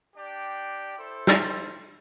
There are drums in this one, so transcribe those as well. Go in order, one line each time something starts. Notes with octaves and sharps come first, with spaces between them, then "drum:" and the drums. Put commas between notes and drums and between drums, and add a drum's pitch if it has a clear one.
D4 G4 D5 G5
E4 A4 C5
drum: snare